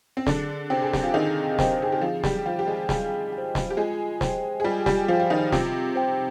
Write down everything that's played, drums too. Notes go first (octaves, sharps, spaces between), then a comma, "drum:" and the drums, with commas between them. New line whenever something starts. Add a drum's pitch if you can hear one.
C4
D3 D4 G#4, drum: snare
C3 C4 C5 G5
G#4
G4, drum: snare
F4
D#3 D#4 G#4
C5 G5, drum: snare
G#4
G4
F3 F4 G#4
G3 G4, drum: snare
F3 F4 C5 G5
G4
G#3 G#4
G3 G4 G#4, drum: snare
G5
C5
drum: snare
G4
G#3 F4 G#4
C5 G5, drum: snare
G#4
G3 F4 G4
G3 G4, drum: snare
F3 F4 C5 G5
F4
D#3 D#4
C3 C4 F4, drum: snare
C5 G5